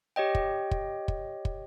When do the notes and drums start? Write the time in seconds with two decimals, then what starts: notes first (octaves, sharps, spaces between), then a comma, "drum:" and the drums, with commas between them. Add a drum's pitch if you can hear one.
0.16 G4 C#5 D#5 G5
0.35 drum: kick
0.71 drum: kick
1.08 drum: kick
1.45 drum: kick